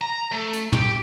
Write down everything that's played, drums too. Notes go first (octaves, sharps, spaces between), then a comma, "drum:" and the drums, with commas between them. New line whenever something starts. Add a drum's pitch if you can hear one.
A#5
A3
drum: hi-hat
G4, drum: tom